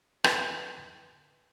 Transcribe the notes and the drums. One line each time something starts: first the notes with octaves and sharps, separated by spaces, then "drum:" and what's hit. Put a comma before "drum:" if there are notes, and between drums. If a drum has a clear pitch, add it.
B3, drum: rim click